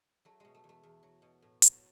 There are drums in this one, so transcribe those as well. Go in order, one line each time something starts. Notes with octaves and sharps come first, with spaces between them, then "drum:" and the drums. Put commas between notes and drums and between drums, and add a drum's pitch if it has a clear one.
F#3 A3
B2 G#3
A3
E2
A3
E2
F#3
B2
A2
F#3, drum: hi-hat